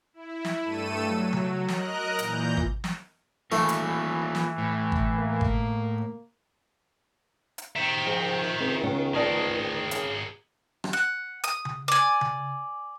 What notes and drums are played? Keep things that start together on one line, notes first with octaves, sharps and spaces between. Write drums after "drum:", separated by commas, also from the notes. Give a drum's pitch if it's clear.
E4
drum: snare
G2 A3 A4 E6 D#7
F#3
drum: tom C#3
A#4 D#5 A#5 F#6, drum: snare
A#2 E3 A#5 G6, drum: hi-hat
drum: kick G#1
drum: snare
E3 A3 A#3 D#4 F4, drum: snare
drum: hi-hat
drum: snare
A2
drum: kick G#1
A#3
drum: kick G#1
drum: hi-hat
D#3 C5 E5
G#2 F3
C#2 C4
C#3 B3 C#4
D2 G#4 A#4 D5 A5
C#3, drum: hi-hat
drum: rim click
F#5
D#6, drum: hi-hat
drum: tom C#3
D5 G#5
drum: tom C#3